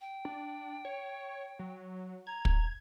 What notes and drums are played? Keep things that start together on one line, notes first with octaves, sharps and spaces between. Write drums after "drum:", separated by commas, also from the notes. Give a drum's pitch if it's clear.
G5
D4
C#5
F#3
A#5 G#6
drum: kick